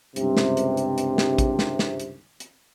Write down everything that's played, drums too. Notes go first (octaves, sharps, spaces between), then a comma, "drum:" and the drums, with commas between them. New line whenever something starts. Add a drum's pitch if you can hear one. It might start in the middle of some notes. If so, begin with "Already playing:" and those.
C#2 G2 C3, drum: hi-hat
drum: snare
drum: hi-hat
drum: hi-hat
drum: hi-hat
drum: snare
drum: kick, hi-hat
drum: snare
drum: snare
drum: hi-hat
drum: hi-hat